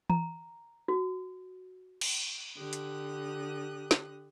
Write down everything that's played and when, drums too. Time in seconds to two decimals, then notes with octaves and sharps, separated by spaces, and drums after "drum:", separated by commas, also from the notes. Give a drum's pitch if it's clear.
0.10 A#5, drum: tom E3
0.88 F#4
2.01 drum: cymbal
2.57 D3 G4 D#6 F#6
2.73 drum: hi-hat
3.91 drum: snare